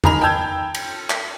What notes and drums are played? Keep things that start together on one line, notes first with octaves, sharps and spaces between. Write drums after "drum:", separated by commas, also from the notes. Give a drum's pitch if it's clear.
D#3 G#5 A#5 B5 F7, drum: tom E2
G5 A5 E6 G6 G#6
drum: cymbal
drum: clap